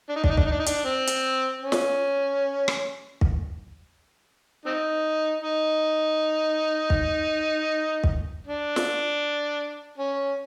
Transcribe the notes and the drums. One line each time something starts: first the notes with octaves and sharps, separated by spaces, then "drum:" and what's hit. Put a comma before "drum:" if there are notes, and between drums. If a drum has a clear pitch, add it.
D4
D#4
D4, drum: kick
D#4
D4, drum: kick
D#4
D4
D#4
D4, drum: hi-hat
C4
drum: hi-hat
C#4
drum: snare
drum: rim click
drum: kick
C4 D#4
D#4
drum: kick
drum: kick
D4
drum: snare
C#4